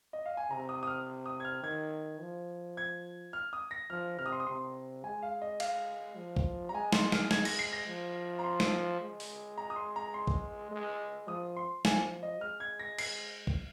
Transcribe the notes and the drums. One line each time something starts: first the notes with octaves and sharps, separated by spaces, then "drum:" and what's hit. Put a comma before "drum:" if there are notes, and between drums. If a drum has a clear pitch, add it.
D#5
F5
G#5
C3 A#5
D#6
D#6
F6
D#6
G#6
F6
D#3 G#6
F3
G#6
F6
D#6
A#6
F3 F6
C3 F6
D#6
C6
D#6
C3 C6
G#3 G#5
F5
D#5
F5, drum: cymbal
F3
drum: kick
A#5
G#3 G#5
C6, drum: snare
F6, drum: snare
G#6, drum: snare
A#6, drum: cymbal
C7
A#6
F3
A#5
C6
drum: snare
G#3
drum: open hi-hat
A#5
D#6
C6
A#5
C6
drum: kick
G#3
F3 D#6
C6
F3 G#5, drum: snare
D#5
G#3 F6
G#6
A#6
C7, drum: cymbal
drum: kick